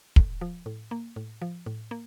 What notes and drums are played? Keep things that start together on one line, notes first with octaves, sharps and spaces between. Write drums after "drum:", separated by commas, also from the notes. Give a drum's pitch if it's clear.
A2, drum: kick
F3
A2
A#3
A2
F3
A2
A#3